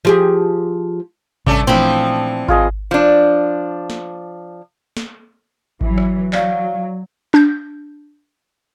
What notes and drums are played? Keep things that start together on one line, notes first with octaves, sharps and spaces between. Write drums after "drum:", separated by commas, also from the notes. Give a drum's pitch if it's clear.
F3 G4 G#4
G2 C3 A3 C#4 A4 D5, drum: kick G#1
A#2 E3 F3 A3 C4 D4 B5
F4 G#4 D#5, drum: kick G#1
F3 D4
drum: snare
drum: snare
E3 F#3, drum: kick G#1
drum: rim click
F#3 D5 F5, drum: clap
D4 G6, drum: clap